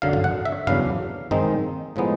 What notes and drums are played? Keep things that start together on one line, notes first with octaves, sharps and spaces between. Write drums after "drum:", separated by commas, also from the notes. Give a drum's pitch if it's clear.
F#2 D3 F#3 F5
drum: tom
F#5
E5
E2 C#3 F#3 B3 D4 F5, drum: tom
D#3 G#3 C4 D#4, drum: tom
A2 F3 G#3 B3 D#4